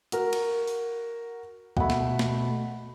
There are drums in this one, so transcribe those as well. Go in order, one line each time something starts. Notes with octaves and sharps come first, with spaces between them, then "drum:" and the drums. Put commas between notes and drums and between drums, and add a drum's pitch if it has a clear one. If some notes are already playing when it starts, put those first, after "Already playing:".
F#4 A#4, drum: hi-hat
drum: cymbal
drum: open hi-hat
B2 A3 F#5 B5, drum: kick
drum: snare
drum: snare